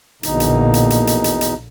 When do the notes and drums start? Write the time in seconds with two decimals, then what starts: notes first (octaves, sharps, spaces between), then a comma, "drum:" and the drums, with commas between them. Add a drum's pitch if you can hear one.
0.23 A#1 E2 B2 D3 A#3 D#4, drum: hi-hat
0.40 drum: hi-hat
0.74 drum: hi-hat
0.90 drum: hi-hat
1.07 drum: hi-hat
1.24 drum: hi-hat
1.41 drum: hi-hat